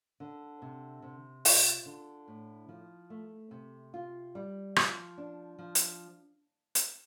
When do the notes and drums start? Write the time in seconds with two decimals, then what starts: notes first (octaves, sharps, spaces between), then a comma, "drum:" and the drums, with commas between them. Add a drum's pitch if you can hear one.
0.20 D3
0.62 C3
1.02 C3
1.45 F4, drum: open hi-hat
1.86 D3
2.28 A2
2.69 F3
3.10 A3
3.51 C3
3.94 F4
4.35 G3
4.76 F3, drum: rim click
5.18 D4
5.59 F3
5.75 drum: hi-hat
6.75 drum: hi-hat